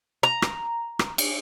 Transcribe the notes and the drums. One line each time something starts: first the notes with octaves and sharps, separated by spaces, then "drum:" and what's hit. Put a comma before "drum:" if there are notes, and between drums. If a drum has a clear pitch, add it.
A#5
drum: rim click
drum: rim click
drum: cymbal